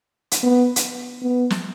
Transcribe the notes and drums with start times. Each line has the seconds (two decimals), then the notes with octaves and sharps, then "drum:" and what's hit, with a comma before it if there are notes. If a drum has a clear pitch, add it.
0.31 drum: hi-hat
0.43 B3
0.76 drum: hi-hat
1.22 B3
1.50 drum: snare